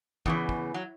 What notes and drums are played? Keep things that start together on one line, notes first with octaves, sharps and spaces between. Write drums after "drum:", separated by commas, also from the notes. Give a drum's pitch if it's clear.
E2 C#3 E3, drum: kick
drum: kick
F#3